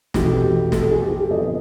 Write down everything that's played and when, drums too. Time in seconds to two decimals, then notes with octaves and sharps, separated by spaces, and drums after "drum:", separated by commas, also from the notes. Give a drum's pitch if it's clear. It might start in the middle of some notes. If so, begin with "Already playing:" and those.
0.14 F1 E2 B2 G4, drum: snare
0.72 A4, drum: snare
0.91 G#4
1.01 G4
1.11 G#4
1.21 A4
1.30 G1 F2 D3 D#5
1.40 D#5